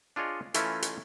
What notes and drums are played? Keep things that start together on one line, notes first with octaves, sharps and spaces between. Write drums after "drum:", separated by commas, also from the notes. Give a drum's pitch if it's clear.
D4 F4 G#4 C#5 D#5
E3 A3 C#4 E4 F4 A#4, drum: hi-hat
drum: hi-hat